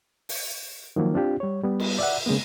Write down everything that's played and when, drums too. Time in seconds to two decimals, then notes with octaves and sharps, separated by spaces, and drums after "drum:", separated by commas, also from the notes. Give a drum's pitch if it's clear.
0.29 drum: open hi-hat
0.96 D#3 F3 F#3 A#3
1.14 C4 D4 F4 G4
1.40 G3 C#5
1.63 G3 B3
1.80 drum: cymbal
1.98 D5 E5 F#5
2.26 C#3 G#3 A#3 B3